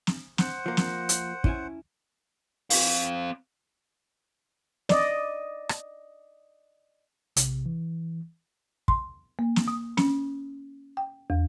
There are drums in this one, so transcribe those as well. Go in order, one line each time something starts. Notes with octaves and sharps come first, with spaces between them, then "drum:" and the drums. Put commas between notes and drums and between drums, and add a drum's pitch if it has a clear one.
drum: snare
C5 F#5, drum: snare
F3 A#3
drum: snare
drum: hi-hat
C#4 E4 G#5, drum: kick
C4 F5, drum: open hi-hat
D5 D#5, drum: snare
drum: rim click
A#1 C3, drum: hi-hat
E3
C6, drum: kick
A#3
drum: snare
D#6
C#4, drum: snare
G5
E2